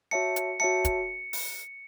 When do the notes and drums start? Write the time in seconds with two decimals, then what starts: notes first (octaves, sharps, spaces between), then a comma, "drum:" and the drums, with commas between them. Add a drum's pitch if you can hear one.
0.11 F#4 C#5 E5 A5 C#7
0.36 drum: hi-hat
0.60 F#4 C#5 E5 A5 C#7
0.85 drum: kick, hi-hat
1.33 drum: open hi-hat